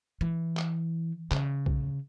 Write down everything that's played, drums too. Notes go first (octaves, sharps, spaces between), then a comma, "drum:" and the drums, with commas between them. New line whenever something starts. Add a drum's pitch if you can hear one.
E3
drum: clap
C#3, drum: clap
drum: kick